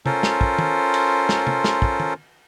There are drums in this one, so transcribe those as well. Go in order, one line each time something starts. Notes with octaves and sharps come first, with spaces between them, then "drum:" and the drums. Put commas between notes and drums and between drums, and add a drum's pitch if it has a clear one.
C#4 F4 A4 A#4 C5, drum: tom
drum: snare
drum: kick
drum: tom
drum: cymbal
drum: snare
drum: tom
drum: snare
drum: kick
drum: tom